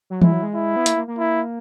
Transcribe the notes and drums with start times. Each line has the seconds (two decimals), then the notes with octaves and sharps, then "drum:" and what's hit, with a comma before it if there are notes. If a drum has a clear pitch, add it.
0.10 F#3
0.22 G#3 E4, drum: tom E3
0.32 F#3
0.43 G#3
0.54 E4
0.76 B3
0.86 A#3, drum: hi-hat
0.97 A#3
1.08 A#3
1.19 E4